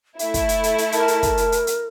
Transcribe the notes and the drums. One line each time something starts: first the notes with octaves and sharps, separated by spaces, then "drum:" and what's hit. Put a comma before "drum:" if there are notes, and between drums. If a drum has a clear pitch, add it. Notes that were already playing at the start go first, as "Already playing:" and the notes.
A3 E4 E5, drum: hi-hat
drum: kick, hi-hat
drum: hi-hat
drum: hi-hat
drum: hi-hat
A#4 A5, drum: hi-hat
drum: hi-hat
drum: kick, hi-hat
drum: hi-hat
drum: hi-hat
drum: hi-hat